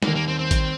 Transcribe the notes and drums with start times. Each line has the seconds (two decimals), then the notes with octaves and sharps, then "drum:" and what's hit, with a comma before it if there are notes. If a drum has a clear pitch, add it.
0.02 D#2 D#3 G3 A#3, drum: snare
0.15 A#3
0.28 C4
0.39 C4
0.51 drum: kick A1, hi-hat